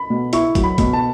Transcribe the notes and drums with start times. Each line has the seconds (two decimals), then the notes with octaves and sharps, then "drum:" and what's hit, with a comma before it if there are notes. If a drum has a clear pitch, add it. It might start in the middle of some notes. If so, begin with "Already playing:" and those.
Already playing: B5
0.10 B2
0.33 E4 C#6, drum: hi-hat
0.55 F#3, drum: kick, hi-hat
0.64 B5
0.78 B2, drum: kick, hi-hat
0.93 A5